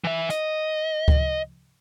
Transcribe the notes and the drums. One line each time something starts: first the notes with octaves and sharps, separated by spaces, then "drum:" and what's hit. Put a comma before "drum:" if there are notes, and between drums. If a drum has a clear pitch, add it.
E3 E5
D#5, drum: hi-hat
drum: kick C#2